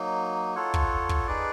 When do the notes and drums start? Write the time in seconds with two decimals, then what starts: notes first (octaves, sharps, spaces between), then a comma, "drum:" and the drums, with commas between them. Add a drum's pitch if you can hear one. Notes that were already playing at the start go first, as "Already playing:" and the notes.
Already playing: F#3 A#3 D#4
0.56 F4 A4 C#5 F#5
0.74 drum: kick
1.09 drum: kick
1.27 D#4 G#4 B4 D5